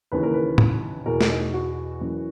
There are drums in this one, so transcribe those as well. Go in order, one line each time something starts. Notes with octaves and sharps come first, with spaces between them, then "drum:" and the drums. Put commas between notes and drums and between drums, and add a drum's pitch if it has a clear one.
D#2 C#3 E3 B4
A#4
B4
drum: tom
E2 B2 A#4
drum: snare
D#4
F#4
F#2 E3